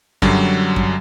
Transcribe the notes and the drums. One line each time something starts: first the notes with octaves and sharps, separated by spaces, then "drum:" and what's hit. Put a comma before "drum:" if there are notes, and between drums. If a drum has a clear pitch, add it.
F#2 D3 F#3 G3, drum: kick F#2
drum: kick F#2